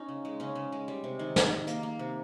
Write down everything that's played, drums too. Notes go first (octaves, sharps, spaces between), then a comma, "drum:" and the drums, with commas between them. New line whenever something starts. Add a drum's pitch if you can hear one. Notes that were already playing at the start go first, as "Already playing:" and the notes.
Already playing: C#4 D#4
C#3
G#3
C#3 C#4
C#3
G#3
G3
C3
D#3
D#3, drum: snare
D#3
A#3, drum: hi-hat
A#3
C3